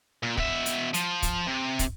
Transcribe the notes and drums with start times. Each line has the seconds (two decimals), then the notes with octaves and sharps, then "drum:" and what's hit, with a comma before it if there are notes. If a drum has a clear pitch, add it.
0.23 A#2
0.37 B2 E5, drum: kick
0.66 drum: hi-hat
0.94 F3, drum: hi-hat
1.22 drum: kick, hi-hat
1.46 C3
1.79 drum: kick, hi-hat